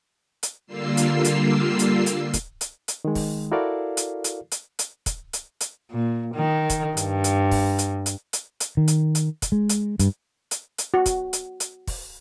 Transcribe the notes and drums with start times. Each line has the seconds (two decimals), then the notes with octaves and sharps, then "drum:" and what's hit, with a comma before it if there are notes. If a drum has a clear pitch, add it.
0.43 drum: hi-hat
0.67 D3 G3 A#3 F4 E6 C7
0.97 drum: hi-hat
1.25 drum: hi-hat
1.79 drum: hi-hat
2.06 drum: hi-hat
2.34 drum: kick, hi-hat
2.61 drum: hi-hat
2.88 drum: hi-hat
3.05 D#3 G#3
3.15 drum: kick, open hi-hat
3.52 E4 F#4 A4 A#4 D5 F5
3.97 drum: hi-hat
4.24 drum: hi-hat
4.52 drum: hi-hat
4.79 drum: hi-hat
5.06 drum: kick, hi-hat
5.33 drum: hi-hat
5.61 drum: hi-hat
5.91 A#2
6.35 D#3
6.70 drum: kick, hi-hat
6.97 G2, drum: hi-hat
7.24 drum: hi-hat
7.51 drum: kick, open hi-hat
7.79 drum: hi-hat
8.06 drum: hi-hat
8.33 drum: hi-hat
8.60 drum: hi-hat
8.77 D#3
8.88 drum: hi-hat
9.15 drum: hi-hat
9.42 drum: kick, hi-hat
9.52 G#3
9.69 drum: hi-hat
9.99 G2, drum: hi-hat
10.51 drum: hi-hat
10.78 drum: hi-hat
10.94 F#4
11.06 drum: kick, hi-hat
11.33 drum: hi-hat
11.60 drum: hi-hat
11.87 drum: kick, open hi-hat